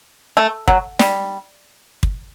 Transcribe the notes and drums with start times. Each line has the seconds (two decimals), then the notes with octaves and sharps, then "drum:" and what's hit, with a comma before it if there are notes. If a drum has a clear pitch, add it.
0.37 A3
0.68 F#3, drum: kick
0.99 G3, drum: snare
2.03 drum: kick